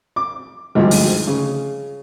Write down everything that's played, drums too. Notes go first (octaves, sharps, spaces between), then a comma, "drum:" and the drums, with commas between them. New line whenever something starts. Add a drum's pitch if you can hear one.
D6
G#1 D2 G2 F3
drum: open hi-hat
C#3